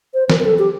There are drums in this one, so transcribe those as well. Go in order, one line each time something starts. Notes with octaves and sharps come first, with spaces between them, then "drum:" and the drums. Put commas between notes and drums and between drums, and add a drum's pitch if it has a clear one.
C5
A#4, drum: snare
A#4
A4
G4